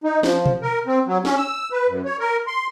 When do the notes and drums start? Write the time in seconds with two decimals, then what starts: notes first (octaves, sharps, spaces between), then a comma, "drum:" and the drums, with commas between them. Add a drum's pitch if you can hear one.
0.04 D#4
0.23 F3, drum: snare
0.46 drum: tom B2
0.62 A#4
0.86 C4
1.07 F#3
1.25 C#4, drum: snare
1.37 E6
1.72 B4
1.88 F#2
2.05 C#5
2.20 A#4
2.47 C6